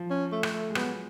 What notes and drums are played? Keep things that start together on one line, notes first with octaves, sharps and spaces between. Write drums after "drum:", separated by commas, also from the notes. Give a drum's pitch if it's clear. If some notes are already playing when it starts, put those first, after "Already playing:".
Already playing: F3
C#4
A3
drum: rim click
A3
G#3
F#3 B3, drum: rim click